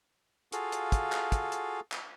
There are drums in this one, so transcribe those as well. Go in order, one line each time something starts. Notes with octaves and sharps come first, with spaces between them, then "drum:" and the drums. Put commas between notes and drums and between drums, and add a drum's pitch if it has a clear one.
F4 F#4 G#4 A4 F5, drum: hi-hat
drum: hi-hat
drum: kick, hi-hat
drum: clap
drum: kick, hi-hat
drum: hi-hat
drum: clap